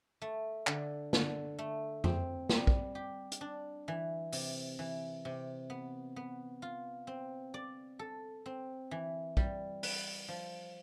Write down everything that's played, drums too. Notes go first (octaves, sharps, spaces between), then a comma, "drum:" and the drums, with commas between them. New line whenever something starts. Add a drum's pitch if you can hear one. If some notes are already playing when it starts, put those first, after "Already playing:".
A3
D3, drum: clap
D3, drum: snare
A3
C4, drum: tom F2
G3, drum: snare
drum: kick A#1
G4
drum: hi-hat
D4
E3
C3, drum: open hi-hat
E3
C3
B3
B3
F4
C4
D5
A4
C4
E3
G3, drum: kick A#1
B4, drum: open hi-hat
F3